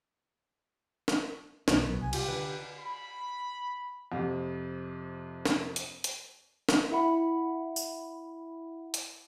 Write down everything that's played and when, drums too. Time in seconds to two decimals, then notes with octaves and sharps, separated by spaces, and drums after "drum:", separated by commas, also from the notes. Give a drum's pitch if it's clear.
1.08 drum: snare
1.68 B1 E3 F3 B3, drum: snare
1.86 B1 F#3
2.01 C2 G#5
2.13 F4 G4, drum: cymbal
2.28 D3 B4
2.79 B5
4.12 F2 C3
5.46 drum: snare
5.76 drum: hi-hat
6.04 drum: hi-hat
6.69 drum: snare
6.91 E4 E5 F#5 B5
7.76 drum: tambourine
8.94 drum: hi-hat